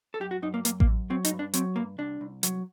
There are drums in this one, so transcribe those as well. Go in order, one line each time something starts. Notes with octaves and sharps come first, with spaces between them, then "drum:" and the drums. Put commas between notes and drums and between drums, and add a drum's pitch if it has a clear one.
A4
F#2 G4
F#4
F#2 D#4
A#3
F#2 A#3, drum: hi-hat
A#3, drum: kick A1
F#2
F#3 C4
D#4, drum: hi-hat
G2
D4
F#3 C4, drum: hi-hat
G2 A#3
C2 D4
C2
F#3, drum: hi-hat